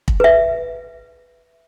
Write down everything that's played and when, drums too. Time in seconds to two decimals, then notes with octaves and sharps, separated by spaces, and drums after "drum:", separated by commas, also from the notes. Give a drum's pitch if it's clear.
0.08 drum: kick
0.20 B4 E5